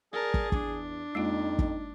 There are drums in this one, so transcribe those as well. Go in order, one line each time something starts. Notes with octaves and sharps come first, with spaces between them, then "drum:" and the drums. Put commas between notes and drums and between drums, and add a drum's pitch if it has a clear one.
G#4 A#4 D5 A5
drum: kick
E2 D4, drum: kick
F2 G#3 A#3 D#4 F4
drum: kick